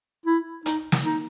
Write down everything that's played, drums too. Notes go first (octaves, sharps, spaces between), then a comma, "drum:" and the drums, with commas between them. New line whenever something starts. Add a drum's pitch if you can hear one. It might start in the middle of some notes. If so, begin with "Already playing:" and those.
E4
D#4, drum: hi-hat
drum: snare
D#4